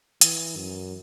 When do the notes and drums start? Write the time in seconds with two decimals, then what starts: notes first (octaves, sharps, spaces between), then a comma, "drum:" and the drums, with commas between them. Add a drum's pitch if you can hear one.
0.21 E3, drum: hi-hat
0.56 F#2